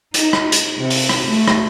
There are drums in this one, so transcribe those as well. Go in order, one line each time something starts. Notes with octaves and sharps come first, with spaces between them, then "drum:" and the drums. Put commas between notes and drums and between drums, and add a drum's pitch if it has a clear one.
D#4, drum: hi-hat
drum: rim click
drum: hi-hat
C3
drum: open hi-hat
drum: rim click
A3
drum: rim click